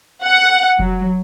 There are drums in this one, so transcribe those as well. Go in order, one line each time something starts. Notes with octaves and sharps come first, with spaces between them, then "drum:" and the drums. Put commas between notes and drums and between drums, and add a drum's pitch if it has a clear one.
F#5
F#3, drum: kick F1